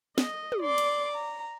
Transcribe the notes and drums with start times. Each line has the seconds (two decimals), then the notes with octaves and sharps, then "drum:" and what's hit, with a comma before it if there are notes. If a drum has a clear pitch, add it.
0.18 D#5, drum: snare
0.52 drum: tom
0.61 D5 C6 D6
0.78 drum: cymbal
1.11 A#5